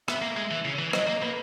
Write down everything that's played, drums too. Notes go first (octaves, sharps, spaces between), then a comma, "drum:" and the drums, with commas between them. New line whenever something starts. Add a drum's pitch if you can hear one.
B3 E5, drum: rim click
A#3
G#3
E3
C#3
E3
F#3 D#5, drum: rim click
A#3 D#5
A#3 B4